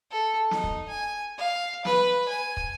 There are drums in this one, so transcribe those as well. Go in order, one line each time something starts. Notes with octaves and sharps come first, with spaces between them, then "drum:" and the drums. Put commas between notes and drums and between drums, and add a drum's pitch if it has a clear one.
A4
D#4, drum: snare
drum: kick
G#5
F5
B4, drum: snare
G#5
drum: kick